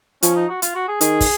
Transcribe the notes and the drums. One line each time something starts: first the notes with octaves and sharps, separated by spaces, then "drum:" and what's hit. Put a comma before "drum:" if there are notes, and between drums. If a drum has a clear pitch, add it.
F3 C#4, drum: hi-hat
D#4
F#4
F4, drum: hi-hat
F#4
G#4
D#3 G#4, drum: hi-hat
drum: kick, open hi-hat